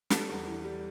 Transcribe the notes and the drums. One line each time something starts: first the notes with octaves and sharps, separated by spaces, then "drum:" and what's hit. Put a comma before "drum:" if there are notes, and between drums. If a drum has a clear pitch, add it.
G3 A4, drum: snare
E2
E3
G3